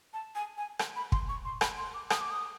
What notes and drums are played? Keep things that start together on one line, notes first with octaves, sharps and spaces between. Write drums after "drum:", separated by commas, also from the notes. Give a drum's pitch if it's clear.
A5
G#5
G#5
drum: rim click
B5
C6, drum: kick
C#6
C6
B5, drum: rim click
C6
D6
D#6, drum: rim click
D6
D#6